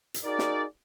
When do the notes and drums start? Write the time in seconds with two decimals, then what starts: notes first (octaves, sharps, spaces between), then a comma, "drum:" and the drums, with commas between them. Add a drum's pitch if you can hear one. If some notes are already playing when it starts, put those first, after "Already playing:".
0.14 drum: hi-hat
0.24 D#4 F#4 G#4 A#4 D5
0.39 drum: snare